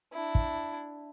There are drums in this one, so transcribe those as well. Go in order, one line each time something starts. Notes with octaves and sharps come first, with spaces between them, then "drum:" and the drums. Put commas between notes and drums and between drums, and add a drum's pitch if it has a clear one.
D4 E4
drum: kick